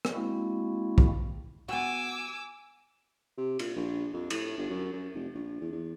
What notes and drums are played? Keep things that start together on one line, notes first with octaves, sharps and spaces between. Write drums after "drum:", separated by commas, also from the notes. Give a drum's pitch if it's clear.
drum: rim click
G#3 A#3 C4 E4 F#4
drum: kick
B3 F#4 G#5 D6 E6
C3
A#2, drum: cymbal
A#1
F2
A2, drum: cymbal
G1
F#2
F#2
F1
A#1
E2
E2